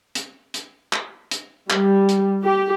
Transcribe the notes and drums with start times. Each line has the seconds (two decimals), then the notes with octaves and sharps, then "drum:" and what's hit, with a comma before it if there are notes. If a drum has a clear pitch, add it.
0.15 drum: hi-hat
0.54 drum: hi-hat
0.93 drum: clap
1.31 drum: hi-hat
1.70 G3, drum: clap
2.09 drum: hi-hat
2.44 G4